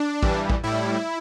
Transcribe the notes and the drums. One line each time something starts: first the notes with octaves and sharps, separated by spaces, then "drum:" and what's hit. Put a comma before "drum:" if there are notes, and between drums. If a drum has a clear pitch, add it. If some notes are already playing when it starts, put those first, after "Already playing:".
Already playing: D4
G2 E3 G3, drum: kick A1
drum: kick A1
A2 G3 E4